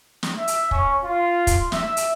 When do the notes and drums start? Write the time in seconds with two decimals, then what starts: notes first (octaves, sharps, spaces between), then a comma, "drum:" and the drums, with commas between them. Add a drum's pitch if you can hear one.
0.23 drum: snare
0.38 E5
0.48 drum: hi-hat
0.71 C#4, drum: kick
1.05 F4
1.47 drum: kick, hi-hat
1.72 E5, drum: snare
1.97 drum: hi-hat